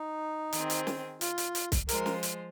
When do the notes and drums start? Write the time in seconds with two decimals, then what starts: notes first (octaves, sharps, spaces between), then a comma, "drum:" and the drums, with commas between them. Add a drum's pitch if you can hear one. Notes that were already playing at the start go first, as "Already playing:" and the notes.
Already playing: D#4
0.53 D#3 C4 G#4 C5, drum: hi-hat
0.70 drum: hi-hat
0.87 drum: snare
1.21 F4, drum: hi-hat
1.38 drum: hi-hat
1.55 drum: hi-hat
1.72 drum: kick, hi-hat
1.89 F3 G#3 F4 A#4 C5, drum: hi-hat
2.06 drum: snare
2.23 drum: hi-hat